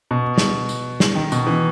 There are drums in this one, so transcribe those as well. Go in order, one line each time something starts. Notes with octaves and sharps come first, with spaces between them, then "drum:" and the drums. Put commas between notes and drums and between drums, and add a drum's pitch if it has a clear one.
B2
drum: snare
drum: tambourine
drum: snare
D#3
B2, drum: tambourine
E3